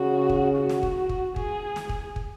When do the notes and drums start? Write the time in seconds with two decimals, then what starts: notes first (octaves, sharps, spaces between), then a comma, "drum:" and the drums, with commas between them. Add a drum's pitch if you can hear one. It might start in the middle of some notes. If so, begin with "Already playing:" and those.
Already playing: C#3 F#4
0.30 drum: kick
0.56 F#4
0.69 drum: snare
0.83 drum: kick
1.09 drum: kick
1.36 G#4, drum: kick
1.76 drum: snare
1.89 drum: kick
2.16 drum: kick